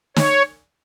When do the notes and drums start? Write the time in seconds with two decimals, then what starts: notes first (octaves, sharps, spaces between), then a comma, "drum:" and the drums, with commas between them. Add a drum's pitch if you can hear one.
0.16 C#5, drum: snare